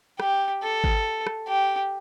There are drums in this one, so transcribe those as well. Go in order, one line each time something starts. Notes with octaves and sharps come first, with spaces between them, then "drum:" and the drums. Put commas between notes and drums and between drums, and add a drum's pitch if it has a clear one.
G4, drum: rim click
A4
drum: kick G#1
drum: rim click
G4